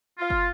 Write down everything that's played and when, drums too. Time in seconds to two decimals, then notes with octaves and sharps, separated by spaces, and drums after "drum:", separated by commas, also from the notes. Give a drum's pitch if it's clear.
0.19 F4
0.30 drum: kick F#1